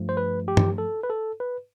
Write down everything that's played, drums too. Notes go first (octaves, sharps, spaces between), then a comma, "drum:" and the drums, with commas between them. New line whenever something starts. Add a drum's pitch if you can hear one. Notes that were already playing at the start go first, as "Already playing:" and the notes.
Already playing: G2 F3 A3
C5
B4
G4
drum: tom G2
A4
B4
A4
B4